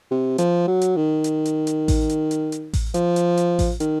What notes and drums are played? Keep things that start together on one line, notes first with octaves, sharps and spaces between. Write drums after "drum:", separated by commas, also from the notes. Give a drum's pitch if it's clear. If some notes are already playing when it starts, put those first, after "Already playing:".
C3
F3, drum: hi-hat
F#3
drum: hi-hat
D#3
drum: hi-hat
drum: hi-hat
drum: hi-hat
drum: kick A1, open hi-hat
drum: hi-hat
drum: hi-hat
drum: hi-hat
drum: kick A1, open hi-hat
F3, drum: hi-hat
drum: hi-hat
drum: hi-hat
drum: kick A1, open hi-hat
D#3, drum: hi-hat